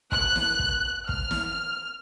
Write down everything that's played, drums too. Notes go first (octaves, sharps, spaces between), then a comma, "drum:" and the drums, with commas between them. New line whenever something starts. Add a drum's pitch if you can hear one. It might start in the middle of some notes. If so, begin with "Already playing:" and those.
F#6, drum: kick
drum: snare
drum: kick
F6, drum: kick
drum: snare